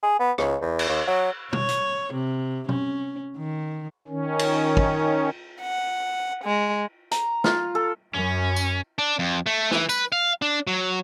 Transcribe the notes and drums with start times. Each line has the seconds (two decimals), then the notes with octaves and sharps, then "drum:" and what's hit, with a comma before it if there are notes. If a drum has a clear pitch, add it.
0.03 G#4
0.19 B3
0.38 C#2, drum: rim click
0.61 E2
0.79 drum: cymbal
0.88 D#2
1.07 F#3
1.53 C#5, drum: tom B2
1.69 drum: hi-hat
2.13 C3
2.69 C#4, drum: tom B2
3.37 D#3
4.08 D#3 C#4
4.39 drum: cymbal
4.77 drum: kick
5.62 F#5
6.43 G#3
7.11 A#5, drum: hi-hat
7.44 F4, drum: snare
7.75 A4
8.14 F#2 C#4
8.56 drum: tambourine
8.99 D4
9.19 F2
9.46 A3
9.71 E3, drum: snare
9.89 B4, drum: tambourine
10.12 F5
10.42 D4
10.67 F#3